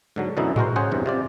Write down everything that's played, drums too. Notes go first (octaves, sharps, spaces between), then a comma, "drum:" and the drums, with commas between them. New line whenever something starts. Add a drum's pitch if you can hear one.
G#2 D3 F#3
F#2 B2 D3 E3 D#4 E4
G#3 F#4 A#4 C5, drum: tom G#2
C#3 C#4 G#4 C5 F#5
E2 G2 C3
C3 F4 D5